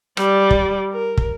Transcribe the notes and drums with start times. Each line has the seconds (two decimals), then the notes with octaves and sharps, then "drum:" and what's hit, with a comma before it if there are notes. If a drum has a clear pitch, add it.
0.17 G3 D5, drum: rim click
0.51 drum: kick
0.92 A#4
1.17 drum: kick